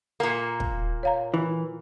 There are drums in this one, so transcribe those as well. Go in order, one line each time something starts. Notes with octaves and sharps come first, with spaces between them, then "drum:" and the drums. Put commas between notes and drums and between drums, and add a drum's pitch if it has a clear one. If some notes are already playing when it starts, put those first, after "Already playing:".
A#2 A#3
drum: kick
C#5 F5 A#5
E3